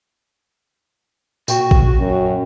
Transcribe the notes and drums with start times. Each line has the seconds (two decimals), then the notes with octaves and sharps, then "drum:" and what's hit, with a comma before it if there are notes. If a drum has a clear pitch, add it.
1.48 A#2 F#4 G5 C#6, drum: tambourine
1.71 drum: kick A1
1.99 F#2